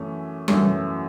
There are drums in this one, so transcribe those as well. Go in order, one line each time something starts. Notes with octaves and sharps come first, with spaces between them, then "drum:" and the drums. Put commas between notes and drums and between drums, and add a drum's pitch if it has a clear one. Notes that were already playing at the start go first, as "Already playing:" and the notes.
Already playing: F#2 E3 A3 C#4
F#2 E3 A3 C#4, drum: tom G3